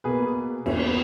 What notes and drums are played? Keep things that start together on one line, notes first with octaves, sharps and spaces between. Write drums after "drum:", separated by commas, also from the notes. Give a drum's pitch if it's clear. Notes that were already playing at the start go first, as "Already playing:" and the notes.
B2 A#3 G#4 B4
E2 B2 A#3 C#4 E4, drum: cymbal
C#4
B3